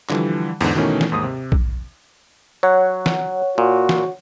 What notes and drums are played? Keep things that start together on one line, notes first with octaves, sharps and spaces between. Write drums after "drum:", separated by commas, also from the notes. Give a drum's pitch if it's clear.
D3 E3 F3 G3, drum: clap
E2 G#2 D3, drum: cymbal
B2 D#3 E3 A3 C#4
drum: snare
D#2 G#2 D#6
C3
drum: kick A#1
F#3 C#5 F#5
drum: snare
A#2 F#4
drum: snare